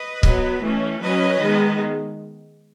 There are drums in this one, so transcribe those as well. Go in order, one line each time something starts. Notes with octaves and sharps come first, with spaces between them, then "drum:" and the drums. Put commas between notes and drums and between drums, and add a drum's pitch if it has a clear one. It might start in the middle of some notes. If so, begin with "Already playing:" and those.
Already playing: B4 D#5
F#3 B3, drum: kick
E3 A3 C#4
F#3 C#4 B4 D#5
D#3 G#3 B3